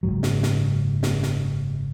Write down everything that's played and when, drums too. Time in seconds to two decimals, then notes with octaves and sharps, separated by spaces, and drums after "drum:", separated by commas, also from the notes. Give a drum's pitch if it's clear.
0.03 F#1 B1 G#2 F#3
0.23 drum: snare
0.43 drum: snare
1.03 drum: snare
1.23 drum: snare